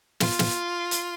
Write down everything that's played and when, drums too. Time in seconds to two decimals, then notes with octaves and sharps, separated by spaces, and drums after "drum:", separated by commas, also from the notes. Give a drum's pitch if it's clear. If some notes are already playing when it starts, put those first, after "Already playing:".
0.20 F4, drum: snare
0.39 drum: snare
0.91 drum: hi-hat